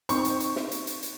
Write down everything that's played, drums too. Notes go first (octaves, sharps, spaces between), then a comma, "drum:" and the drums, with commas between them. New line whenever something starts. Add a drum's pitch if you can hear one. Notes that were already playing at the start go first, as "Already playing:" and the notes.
C4 D#4 C5 C#6, drum: hi-hat
drum: hi-hat
drum: hi-hat
drum: snare
drum: hi-hat
drum: hi-hat
drum: hi-hat